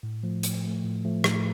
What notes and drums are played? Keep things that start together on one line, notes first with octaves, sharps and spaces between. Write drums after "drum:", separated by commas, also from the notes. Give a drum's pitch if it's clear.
A2
F3 A3
A2, drum: hi-hat
F3 A3
A2
F3 A3
A2, drum: rim click